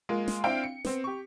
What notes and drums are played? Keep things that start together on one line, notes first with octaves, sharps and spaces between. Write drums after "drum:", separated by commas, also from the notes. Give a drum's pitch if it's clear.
G#3 A#3 F4
drum: snare
C4 D4 E4 F5 G5
C#7
B3 C4, drum: snare
G4 C#6